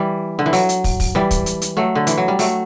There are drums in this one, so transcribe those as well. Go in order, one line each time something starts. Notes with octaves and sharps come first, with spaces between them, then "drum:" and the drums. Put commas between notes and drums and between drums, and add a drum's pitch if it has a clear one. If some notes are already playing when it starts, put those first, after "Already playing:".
Already playing: E3 G3
D3
E3
F#3, drum: open hi-hat
drum: hi-hat
drum: kick, open hi-hat
drum: kick, open hi-hat
E3 G3
drum: kick, hi-hat
drum: hi-hat
drum: hi-hat
F#3 A3
D3
E3, drum: hi-hat
F#3
G3
F#3 A3, drum: open hi-hat